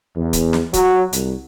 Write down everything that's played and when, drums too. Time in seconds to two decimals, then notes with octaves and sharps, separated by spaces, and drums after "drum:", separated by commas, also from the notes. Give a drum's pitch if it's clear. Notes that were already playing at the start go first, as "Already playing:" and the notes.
0.16 E2
0.33 drum: kick C#1, hi-hat
0.53 drum: snare
0.74 F#3, drum: kick C#1, hi-hat
1.13 C2, drum: hi-hat